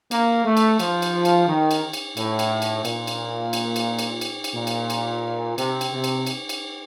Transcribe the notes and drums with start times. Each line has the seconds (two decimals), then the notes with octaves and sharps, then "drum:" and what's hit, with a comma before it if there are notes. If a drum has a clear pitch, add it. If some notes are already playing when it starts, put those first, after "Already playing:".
0.11 A#3, drum: cymbal
0.45 A3
0.57 drum: cymbal
0.79 F3, drum: cymbal
1.02 drum: cymbal
1.25 drum: cymbal
1.48 D#3
1.71 drum: cymbal
1.93 drum: cymbal
2.17 A2, drum: cymbal
2.39 drum: cymbal
2.62 drum: cymbal
2.85 A#2, drum: cymbal
3.07 drum: cymbal
3.53 drum: cymbal
3.76 drum: cymbal
3.99 drum: cymbal
4.21 drum: cymbal
4.44 drum: cymbal
4.55 A#2
4.67 drum: cymbal
4.90 drum: cymbal
5.58 C3, drum: cymbal
5.81 drum: cymbal
5.92 C3
6.04 drum: cymbal
6.27 drum: cymbal
6.49 drum: cymbal